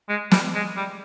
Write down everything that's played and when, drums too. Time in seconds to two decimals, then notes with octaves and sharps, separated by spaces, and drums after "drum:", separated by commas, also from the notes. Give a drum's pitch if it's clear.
0.09 G#3
0.31 G3, drum: snare
0.55 G#3
0.77 G3